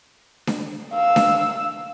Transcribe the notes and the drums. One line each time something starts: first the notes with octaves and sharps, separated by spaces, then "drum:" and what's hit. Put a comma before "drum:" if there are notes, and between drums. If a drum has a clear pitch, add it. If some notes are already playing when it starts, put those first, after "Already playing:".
drum: snare D4
F5 E6
drum: snare D4